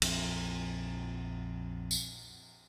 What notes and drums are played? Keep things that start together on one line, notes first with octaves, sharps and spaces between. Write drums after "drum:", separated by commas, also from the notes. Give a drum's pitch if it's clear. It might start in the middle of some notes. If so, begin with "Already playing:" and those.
A#1 F2, drum: cymbal
drum: tambourine